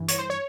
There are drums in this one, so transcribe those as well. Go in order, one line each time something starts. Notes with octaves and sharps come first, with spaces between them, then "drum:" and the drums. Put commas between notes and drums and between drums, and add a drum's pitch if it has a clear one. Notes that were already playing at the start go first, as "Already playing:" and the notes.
Already playing: G2 E3
C#5, drum: hi-hat
C5
C#5